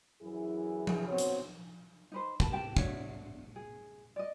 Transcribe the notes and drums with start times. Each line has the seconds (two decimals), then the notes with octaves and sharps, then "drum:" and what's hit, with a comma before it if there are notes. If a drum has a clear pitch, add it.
0.21 F#2 E3 E4 G#4
0.87 drum: tom F3
1.08 B3 C4 F#4 C#5
1.18 drum: hi-hat
2.12 D#4 B4 C5
2.40 A5 B5, drum: kick
2.52 G4 G5 A5
2.77 D4 F#4 C#5 E5, drum: kick
3.56 G#4
4.16 D5 D#5